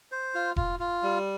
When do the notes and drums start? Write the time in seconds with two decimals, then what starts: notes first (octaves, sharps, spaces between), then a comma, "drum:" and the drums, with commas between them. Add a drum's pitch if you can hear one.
0.12 C5
0.35 F4
0.56 F4, drum: kick E1
0.80 F4
1.03 G3